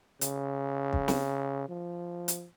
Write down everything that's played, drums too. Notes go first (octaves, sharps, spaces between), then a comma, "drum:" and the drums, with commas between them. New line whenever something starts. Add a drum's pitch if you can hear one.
C#3, drum: hi-hat
drum: kick
drum: snare
F3
drum: hi-hat